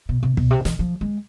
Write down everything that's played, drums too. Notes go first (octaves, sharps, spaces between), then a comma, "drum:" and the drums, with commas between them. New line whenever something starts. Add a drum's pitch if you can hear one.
B2
C3
B2, drum: kick
C3
E3, drum: snare
F3
G#3